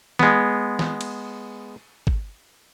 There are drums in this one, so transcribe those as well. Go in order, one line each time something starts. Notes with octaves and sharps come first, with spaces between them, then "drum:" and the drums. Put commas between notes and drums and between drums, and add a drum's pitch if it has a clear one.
G#3 B3, drum: snare
drum: snare
drum: cymbal
drum: kick G#1